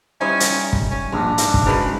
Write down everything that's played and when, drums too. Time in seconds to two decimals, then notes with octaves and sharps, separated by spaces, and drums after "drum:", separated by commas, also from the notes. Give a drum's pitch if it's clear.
0.21 G3 C#4 D#4 E4 C5
0.40 drum: hi-hat
0.73 drum: kick
0.90 C#4
1.12 A#1 G2 G#3 D4 A#5
1.38 G#2 F5, drum: hi-hat
1.54 drum: kick
1.66 G#2 C#3 F#3 G#3 A#4 B4 B5